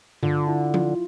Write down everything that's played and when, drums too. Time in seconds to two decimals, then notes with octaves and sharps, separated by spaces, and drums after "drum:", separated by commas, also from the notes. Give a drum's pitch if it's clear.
0.23 D3 F4, drum: tom G2
0.48 E4
0.74 F4, drum: tom F3